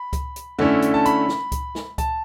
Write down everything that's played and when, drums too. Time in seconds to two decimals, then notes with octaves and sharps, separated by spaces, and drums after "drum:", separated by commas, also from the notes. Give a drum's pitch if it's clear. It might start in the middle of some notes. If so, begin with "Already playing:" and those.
Already playing: B5
0.13 drum: kick C#2, hi-hat
0.36 drum: hi-hat
0.59 D3 A3 C#4 E4, drum: tom F2
0.82 drum: hi-hat
0.94 A5
1.05 B5, drum: hi-hat
1.29 drum: snare
1.52 drum: kick C#2, hi-hat
1.75 drum: snare
1.98 A5, drum: kick C#2, hi-hat